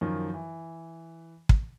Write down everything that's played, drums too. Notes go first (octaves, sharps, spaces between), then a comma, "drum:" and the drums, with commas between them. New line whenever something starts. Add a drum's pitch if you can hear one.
F#2 D#3 F3
E3
drum: kick